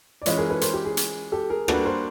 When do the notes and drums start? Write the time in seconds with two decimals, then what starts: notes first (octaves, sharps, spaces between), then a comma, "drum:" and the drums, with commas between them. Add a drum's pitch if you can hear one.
0.22 D5
0.26 E3 G#3 C#4 F4 C#5 D#5, drum: hi-hat
0.38 G#4 A#4
0.50 A4 B4
0.61 A#4 C5, drum: hi-hat
0.74 G4
0.85 G#4
0.97 drum: hi-hat
1.32 G4 A4
1.50 G#4 A#4
1.68 G3 A#3 D4 F#4 A4 B4, drum: rim click
1.85 A#4 C5